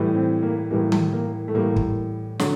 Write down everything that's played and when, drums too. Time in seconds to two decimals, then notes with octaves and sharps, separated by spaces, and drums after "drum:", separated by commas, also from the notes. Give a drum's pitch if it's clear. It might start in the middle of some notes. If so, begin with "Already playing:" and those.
Already playing: A2 E3 G3
0.15 C4
0.43 A#3
0.71 A2 E3 G3 A#3
0.92 drum: tom D#3
1.13 A#3
1.48 A3
1.55 A2 E3 G3 A#3
1.76 drum: kick
2.39 D3 F#3, drum: snare